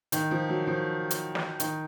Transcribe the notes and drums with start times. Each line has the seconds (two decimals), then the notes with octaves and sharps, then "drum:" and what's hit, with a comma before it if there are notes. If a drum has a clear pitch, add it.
0.12 D#3, drum: hi-hat
0.31 F3
0.49 F#3
0.67 F3
1.11 drum: hi-hat
1.35 drum: snare
1.60 D#3, drum: hi-hat